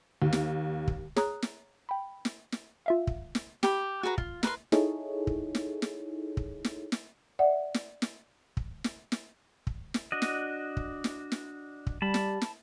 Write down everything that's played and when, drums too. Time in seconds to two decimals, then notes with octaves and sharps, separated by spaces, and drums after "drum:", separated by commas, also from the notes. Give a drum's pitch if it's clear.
0.22 D#2
0.33 drum: snare
0.88 drum: kick
1.16 G#4 C#5 A#5 D#6 F#6, drum: snare
1.42 drum: snare
1.89 G5 B5
2.25 drum: snare
2.52 drum: snare
2.86 F4 E5 F5
3.07 drum: kick
3.35 drum: snare
3.63 G4 B5, drum: snare
4.03 F#4 G#4 B4 A#5
4.18 F4, drum: kick
4.43 A#4 B4 A#5 C6, drum: snare
4.72 D#4 E4 G#4 A4 C#5, drum: snare
5.27 drum: kick
5.55 drum: snare
5.82 drum: snare
6.37 drum: kick
6.64 drum: snare
6.92 drum: snare
7.39 D5 E5 F#5
7.74 drum: snare
8.02 drum: snare
8.57 drum: kick
8.84 drum: snare
9.12 drum: snare
9.67 drum: kick
9.94 drum: snare
10.12 D4 F#4 D#5
10.22 drum: snare
10.77 drum: kick
11.04 drum: snare
11.32 drum: snare
11.87 drum: kick
12.02 G3 A5 B5
12.14 drum: snare
12.41 drum: snare